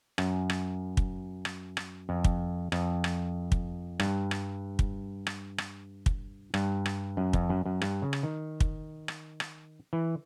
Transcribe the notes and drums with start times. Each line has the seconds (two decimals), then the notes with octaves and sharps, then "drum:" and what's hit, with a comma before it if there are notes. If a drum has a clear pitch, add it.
0.18 F#2, drum: rim click
0.50 drum: rim click
0.97 drum: kick
1.45 drum: rim click
1.77 drum: rim click
2.09 F2
2.24 drum: kick
2.72 F2, drum: rim click
3.04 drum: rim click
3.52 drum: kick
4.00 G2, drum: rim click
4.31 drum: rim click
4.79 drum: kick
5.27 drum: rim click
5.58 drum: rim click
6.06 drum: kick
6.54 G2, drum: rim click
6.86 drum: rim click
7.17 F#2
7.33 F2, drum: kick
7.49 F#2
7.66 F#2
7.81 G2, drum: rim click
8.02 C#3
8.13 drum: rim click
8.23 D#3
8.60 drum: kick
9.08 drum: rim click
9.40 drum: rim click
9.93 E3